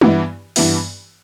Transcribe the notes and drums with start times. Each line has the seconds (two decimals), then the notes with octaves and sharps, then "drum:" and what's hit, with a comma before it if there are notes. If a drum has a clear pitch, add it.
0.01 G2 E3 B3 E4, drum: tom G3
0.56 G2 E3 B3 E4, drum: open hi-hat